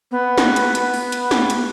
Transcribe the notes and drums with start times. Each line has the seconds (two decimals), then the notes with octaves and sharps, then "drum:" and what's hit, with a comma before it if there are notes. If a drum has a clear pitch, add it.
0.11 B3
0.38 drum: snare
0.56 drum: hi-hat
0.75 B3, drum: hi-hat
0.94 drum: open hi-hat
1.12 drum: hi-hat
1.31 drum: snare
1.50 drum: hi-hat